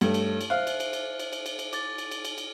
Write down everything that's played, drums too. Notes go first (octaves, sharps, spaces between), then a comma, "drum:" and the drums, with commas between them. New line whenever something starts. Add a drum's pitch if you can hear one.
G2 A3 G4 A4 C#5, drum: cymbal
drum: cymbal
drum: cymbal
C5 E5 F5 F#6
drum: cymbal
drum: cymbal
drum: cymbal
drum: cymbal
drum: cymbal
drum: cymbal
drum: cymbal
D6 A6, drum: cymbal
drum: cymbal
drum: cymbal
drum: cymbal
drum: cymbal